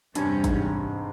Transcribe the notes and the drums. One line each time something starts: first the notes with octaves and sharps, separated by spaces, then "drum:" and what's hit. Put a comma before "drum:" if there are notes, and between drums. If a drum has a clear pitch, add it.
E2 G2 C3 G3 C#4, drum: hi-hat
G#2, drum: kick, hi-hat